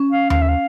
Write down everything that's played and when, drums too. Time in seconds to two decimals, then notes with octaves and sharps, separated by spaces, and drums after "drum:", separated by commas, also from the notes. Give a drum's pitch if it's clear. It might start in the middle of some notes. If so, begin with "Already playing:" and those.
Already playing: C#4
0.12 F5
0.30 F5, drum: tom D#2
0.41 E5
0.48 F5